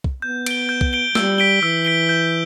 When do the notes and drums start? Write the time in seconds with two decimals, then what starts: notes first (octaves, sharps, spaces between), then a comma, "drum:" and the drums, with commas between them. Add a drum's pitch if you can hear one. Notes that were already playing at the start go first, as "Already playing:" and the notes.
0.04 drum: kick
0.22 B3 G6
0.46 D7 G7, drum: cymbal
0.69 G6
0.81 drum: kick
0.93 D7 G7
1.15 G3 E6, drum: snare
1.38 B6 D7 G7
1.62 E3 E6
1.85 B6 D7 G7
2.09 G6